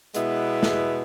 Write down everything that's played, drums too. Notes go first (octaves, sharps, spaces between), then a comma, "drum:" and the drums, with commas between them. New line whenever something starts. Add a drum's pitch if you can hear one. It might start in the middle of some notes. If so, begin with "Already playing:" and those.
B2 G#3 B3 E4, drum: hi-hat
drum: snare